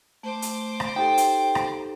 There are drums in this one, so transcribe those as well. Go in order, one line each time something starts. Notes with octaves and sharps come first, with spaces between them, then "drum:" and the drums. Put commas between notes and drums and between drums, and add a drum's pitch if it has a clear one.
A3 C5 D6
drum: hi-hat
drum: rim click
D#4 G4 A4 G5
drum: hi-hat
drum: rim click